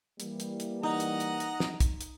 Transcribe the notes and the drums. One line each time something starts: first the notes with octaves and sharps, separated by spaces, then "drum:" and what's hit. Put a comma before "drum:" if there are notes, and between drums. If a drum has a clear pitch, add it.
E3 G3 A#3, drum: hi-hat
drum: hi-hat
drum: hi-hat
D#4 D#5 F#5 A#5
drum: hi-hat
drum: hi-hat
drum: hi-hat
drum: snare
drum: kick, hi-hat
drum: hi-hat